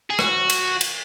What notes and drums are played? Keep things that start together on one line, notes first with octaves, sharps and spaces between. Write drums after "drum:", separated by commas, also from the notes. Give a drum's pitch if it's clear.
G#4
F#4, drum: rim click
drum: cymbal
drum: cymbal